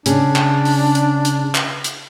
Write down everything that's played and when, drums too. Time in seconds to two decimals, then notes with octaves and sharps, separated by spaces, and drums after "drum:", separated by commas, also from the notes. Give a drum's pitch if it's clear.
0.06 C#3 D4, drum: hi-hat
0.36 drum: clap
0.65 drum: open hi-hat
0.95 drum: hi-hat
1.25 drum: hi-hat
1.55 drum: clap
1.84 drum: hi-hat